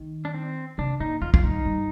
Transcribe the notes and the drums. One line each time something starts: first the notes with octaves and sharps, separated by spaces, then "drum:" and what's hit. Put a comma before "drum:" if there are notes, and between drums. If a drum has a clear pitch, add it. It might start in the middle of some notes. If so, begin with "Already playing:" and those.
Already playing: D#3
D4
C4
C3 D4
A#2 D#4
F2 F4
F4, drum: kick
G2 D#4
G2